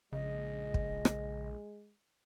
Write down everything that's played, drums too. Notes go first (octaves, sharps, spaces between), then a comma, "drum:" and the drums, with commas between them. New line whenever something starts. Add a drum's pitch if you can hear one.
A#1 C#3 G#3 D#5
drum: kick
drum: rim click